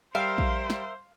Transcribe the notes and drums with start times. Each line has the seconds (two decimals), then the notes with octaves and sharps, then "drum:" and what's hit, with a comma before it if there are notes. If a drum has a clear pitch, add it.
0.15 G3 A#4 C5 E5 F5 G5
0.38 drum: kick A#1
0.70 drum: snare